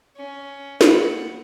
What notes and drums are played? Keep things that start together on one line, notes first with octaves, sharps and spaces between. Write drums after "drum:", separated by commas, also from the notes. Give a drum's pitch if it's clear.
C#4
A#3 F#5, drum: snare